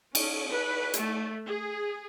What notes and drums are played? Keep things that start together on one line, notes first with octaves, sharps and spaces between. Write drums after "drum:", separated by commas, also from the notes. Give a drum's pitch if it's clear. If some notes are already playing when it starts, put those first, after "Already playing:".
C#4, drum: cymbal
B4
A3, drum: hi-hat
G#4